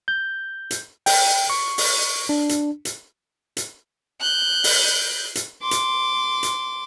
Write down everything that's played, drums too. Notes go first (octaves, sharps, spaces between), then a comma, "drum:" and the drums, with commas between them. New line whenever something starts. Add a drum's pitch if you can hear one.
G6
drum: hi-hat
G5, drum: open hi-hat
C#6
drum: open hi-hat
D4
drum: hi-hat
drum: hi-hat
drum: hi-hat
F#6 G6
drum: open hi-hat
drum: hi-hat
C6 D6
drum: hi-hat
drum: hi-hat